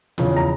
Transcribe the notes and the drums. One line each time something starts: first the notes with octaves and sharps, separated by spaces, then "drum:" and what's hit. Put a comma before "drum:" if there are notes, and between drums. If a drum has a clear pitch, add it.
E2 C#3 F3, drum: tom C#3
A#5